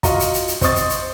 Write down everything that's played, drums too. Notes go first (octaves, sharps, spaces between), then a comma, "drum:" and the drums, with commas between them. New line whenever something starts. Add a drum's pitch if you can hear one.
F4 F#4 D#5 A#5, drum: kick, hi-hat
drum: hi-hat
drum: hi-hat
drum: hi-hat
C4 D#5 C6 C#6 D#6 A6, drum: kick, hi-hat
drum: hi-hat
drum: hi-hat